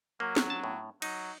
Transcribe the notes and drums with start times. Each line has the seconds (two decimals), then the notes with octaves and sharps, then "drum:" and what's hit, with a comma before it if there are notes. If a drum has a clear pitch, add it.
0.20 F#3 A#3
0.36 drum: snare
0.50 A5
0.64 A2
1.02 F#3 D#4, drum: cymbal